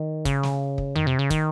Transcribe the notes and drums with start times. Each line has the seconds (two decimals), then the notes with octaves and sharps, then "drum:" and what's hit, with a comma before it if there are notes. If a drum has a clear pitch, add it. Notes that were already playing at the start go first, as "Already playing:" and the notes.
Already playing: D#3
0.25 C#3, drum: kick, hi-hat
0.43 drum: snare
0.78 drum: kick
0.96 D#3, drum: tom F2
1.07 C3
1.19 C#3
1.30 D#3, drum: kick, hi-hat